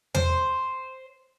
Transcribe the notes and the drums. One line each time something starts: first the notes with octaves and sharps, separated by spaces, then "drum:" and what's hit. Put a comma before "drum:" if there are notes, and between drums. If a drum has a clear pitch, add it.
C5, drum: tom E2